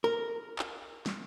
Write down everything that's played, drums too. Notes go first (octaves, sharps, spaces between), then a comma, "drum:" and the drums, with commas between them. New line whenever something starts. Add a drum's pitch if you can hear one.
A#4
drum: clap
drum: snare